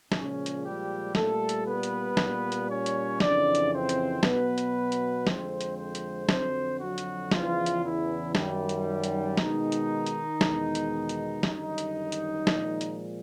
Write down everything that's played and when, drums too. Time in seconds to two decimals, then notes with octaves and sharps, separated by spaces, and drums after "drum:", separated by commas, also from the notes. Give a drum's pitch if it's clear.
0.12 A#2 C#3 F3 G#3 C#4, drum: snare
0.46 drum: hi-hat
0.63 G3 G4
1.15 A#2 G3 A3 A4, drum: snare
1.49 drum: hi-hat
1.66 B3 B4
1.83 drum: hi-hat
2.17 A#2 G3, drum: snare
2.52 drum: hi-hat
2.69 C#4 C#5
2.86 drum: hi-hat
3.20 F2 C#3 E3 D4 D5, drum: snare
3.55 drum: hi-hat
3.72 C4 C5
3.89 drum: hi-hat
4.23 B2 F#3 B3 B4, drum: snare
4.58 drum: hi-hat
4.92 drum: hi-hat
5.27 F2 D3 F3 G#3 C4 C5, drum: snare
5.61 drum: hi-hat
5.78 C4 C5
5.95 drum: hi-hat
6.29 F2 D3 F#3 C4 C5, drum: snare
6.80 F#3 F#4
6.98 drum: hi-hat
7.31 E2 C#3 E3 F3 F4, drum: snare
7.66 drum: hi-hat
7.83 E3 E4
8.35 F#2 D#3 G3, drum: snare
8.69 drum: hi-hat
9.04 drum: hi-hat
9.37 B2 D#3 G#3 D#4, drum: snare
9.72 drum: hi-hat
10.06 drum: hi-hat
10.41 E2 B2 G#3, drum: snare
10.75 drum: hi-hat
11.09 drum: hi-hat
11.43 F#2 D3 D#3 G3 D#4, drum: snare
11.78 drum: hi-hat
12.12 drum: hi-hat
12.47 A#2 F3 G#3, drum: snare
12.81 drum: hi-hat